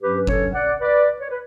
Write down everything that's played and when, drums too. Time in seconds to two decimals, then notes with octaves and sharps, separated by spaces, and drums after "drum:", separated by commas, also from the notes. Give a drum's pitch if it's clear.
0.02 G2 F#3 C#4 G4 B4
0.16 B4
0.27 A4 C#5, drum: kick F#1
0.54 D5 F#5
0.81 B4 D5
1.20 C#5
1.29 B4